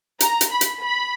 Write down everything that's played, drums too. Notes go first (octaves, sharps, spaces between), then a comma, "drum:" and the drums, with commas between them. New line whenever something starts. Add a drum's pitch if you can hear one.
A#5, drum: hi-hat
drum: hi-hat
B5
drum: hi-hat
B5